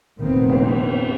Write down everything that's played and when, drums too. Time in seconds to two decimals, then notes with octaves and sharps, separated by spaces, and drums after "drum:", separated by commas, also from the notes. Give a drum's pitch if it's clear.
0.19 F1 A#2 D#3 B3 C4
0.50 drum: cymbal